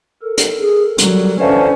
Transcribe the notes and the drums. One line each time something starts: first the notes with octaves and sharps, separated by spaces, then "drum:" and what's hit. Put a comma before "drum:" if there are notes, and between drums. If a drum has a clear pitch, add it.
A4 A#4
drum: hi-hat
G#4
F#3 G3, drum: hi-hat
D3 E3 C#4 C5 F5 A5